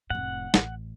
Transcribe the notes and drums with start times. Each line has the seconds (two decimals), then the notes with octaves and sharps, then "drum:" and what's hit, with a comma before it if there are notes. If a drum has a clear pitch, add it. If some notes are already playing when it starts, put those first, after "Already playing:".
0.10 F1 A2 F#5
0.54 A1, drum: snare